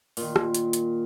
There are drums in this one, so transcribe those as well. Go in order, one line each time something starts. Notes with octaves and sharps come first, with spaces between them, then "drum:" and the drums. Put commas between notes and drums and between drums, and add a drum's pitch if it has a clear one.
A#2 D#3, drum: open hi-hat
drum: rim click
drum: hi-hat
drum: hi-hat